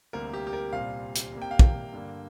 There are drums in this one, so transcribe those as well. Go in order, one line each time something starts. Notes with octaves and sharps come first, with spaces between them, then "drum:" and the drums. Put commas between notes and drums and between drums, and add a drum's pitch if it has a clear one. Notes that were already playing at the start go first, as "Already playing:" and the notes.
D2 C3 G3 A#3 A#4
G4
G4
A#4
C2 A#2 G3 C4 F5
drum: hi-hat
C2 C3 A#3
G5
F5
G5, drum: kick
G2 D3 A#3